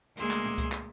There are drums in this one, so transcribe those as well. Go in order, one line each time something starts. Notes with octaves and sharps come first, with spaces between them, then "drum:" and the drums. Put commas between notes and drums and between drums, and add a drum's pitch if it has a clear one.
D2 G#3 A#3 G#4 C6 E6, drum: hi-hat
drum: clap
drum: tom A#2
drum: kick C#2, hi-hat
drum: clap